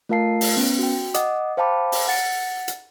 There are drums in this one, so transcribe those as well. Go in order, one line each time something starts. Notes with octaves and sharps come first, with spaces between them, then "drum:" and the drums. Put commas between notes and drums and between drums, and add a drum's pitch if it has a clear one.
A3 F4 A#4 F5 A5 C7
drum: open hi-hat
B3 C#4
F#4 G5
D#5 F#5 D6 D#6, drum: hi-hat
C5 F5 G5 A5 B5 D6
drum: open hi-hat
F#5 A6 C#7
drum: hi-hat